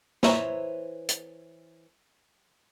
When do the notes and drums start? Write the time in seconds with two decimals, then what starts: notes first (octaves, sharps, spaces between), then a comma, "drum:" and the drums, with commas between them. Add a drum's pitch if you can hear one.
0.23 E3 C5 C#5 E5 A#5, drum: snare
1.09 drum: hi-hat